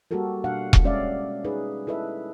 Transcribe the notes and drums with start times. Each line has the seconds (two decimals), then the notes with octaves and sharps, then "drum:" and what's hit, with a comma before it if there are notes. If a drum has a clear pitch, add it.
0.11 G3 A#3 F#4 G4 A4 A#4
0.44 B2 D4 F5 F#5
0.73 drum: kick E1
0.84 G#3 C#4 D5 E5 F5
1.45 D#4 G#4 B4
1.87 E4 A4 B4 D#5 E5